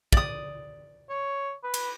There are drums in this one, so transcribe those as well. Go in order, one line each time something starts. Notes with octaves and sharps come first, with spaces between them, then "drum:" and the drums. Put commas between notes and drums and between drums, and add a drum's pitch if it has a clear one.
D5 D#6, drum: kick
C#5
B4
drum: cymbal